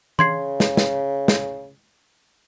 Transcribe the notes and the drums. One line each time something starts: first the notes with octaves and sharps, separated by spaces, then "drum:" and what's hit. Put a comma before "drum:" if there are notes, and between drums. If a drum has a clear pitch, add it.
C#3 C6 G#6 C7, drum: tom E3
drum: snare
drum: snare
drum: snare